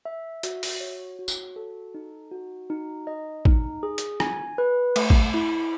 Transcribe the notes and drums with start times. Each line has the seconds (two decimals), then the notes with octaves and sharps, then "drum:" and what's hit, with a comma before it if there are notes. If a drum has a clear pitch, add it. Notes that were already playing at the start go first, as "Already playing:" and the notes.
0.05 E5
0.43 F#4, drum: hi-hat
0.63 drum: open hi-hat
0.80 C#5
1.19 F#4
1.28 drum: tambourine
1.56 A4
1.94 D#4
2.31 F#4
2.70 D#4
3.07 D#5
3.45 D#4, drum: kick
3.83 G#4
3.98 drum: hi-hat
4.20 G#5, drum: rim click
4.58 B4
4.96 A3, drum: cymbal
5.10 drum: kick
5.34 E4